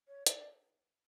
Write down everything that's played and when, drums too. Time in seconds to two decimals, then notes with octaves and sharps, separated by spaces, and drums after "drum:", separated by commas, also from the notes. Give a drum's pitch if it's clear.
0.08 C#5
0.27 D5, drum: hi-hat